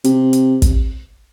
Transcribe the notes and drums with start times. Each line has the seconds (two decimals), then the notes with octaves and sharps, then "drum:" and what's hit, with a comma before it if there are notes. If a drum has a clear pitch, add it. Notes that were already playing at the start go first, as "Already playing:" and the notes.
0.04 C3, drum: hi-hat
0.33 drum: hi-hat
0.62 drum: kick, hi-hat